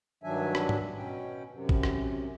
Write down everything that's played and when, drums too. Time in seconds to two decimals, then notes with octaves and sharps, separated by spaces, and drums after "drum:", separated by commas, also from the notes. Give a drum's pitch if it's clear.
0.23 G2 D#3 F#3 D4 E5 G#5
0.55 drum: rim click
0.69 drum: tom G#2
0.98 B2 C#4 G5
1.51 F#2 C3
1.69 drum: kick
1.83 drum: rim click